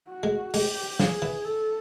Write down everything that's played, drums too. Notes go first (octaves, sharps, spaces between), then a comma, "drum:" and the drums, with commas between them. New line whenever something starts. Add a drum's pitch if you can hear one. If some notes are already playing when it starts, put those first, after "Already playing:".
F#4
G#3
G#3 G4, drum: open hi-hat
F3 G#4, drum: snare
E3
A4